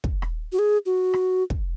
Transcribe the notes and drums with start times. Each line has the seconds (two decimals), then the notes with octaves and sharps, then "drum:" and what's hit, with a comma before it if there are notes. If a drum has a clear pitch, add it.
0.04 drum: kick
0.22 drum: rim click
0.52 F#4
0.59 G#4
0.86 F#4
1.14 drum: rim click
1.50 drum: kick